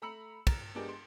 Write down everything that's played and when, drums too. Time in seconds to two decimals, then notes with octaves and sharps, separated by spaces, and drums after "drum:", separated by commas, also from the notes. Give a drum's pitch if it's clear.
0.02 A3 A#5 B5 E6 C#7 F#7
0.47 A#5 A6, drum: kick, cymbal
0.75 G#3 B3 D4 G4 G#4 A#4
0.89 C6